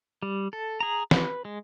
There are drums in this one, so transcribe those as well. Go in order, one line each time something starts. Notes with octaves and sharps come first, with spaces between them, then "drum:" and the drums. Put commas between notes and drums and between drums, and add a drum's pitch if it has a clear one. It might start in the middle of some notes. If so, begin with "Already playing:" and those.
G3
A4
G#4 A#5
B4, drum: snare
G#3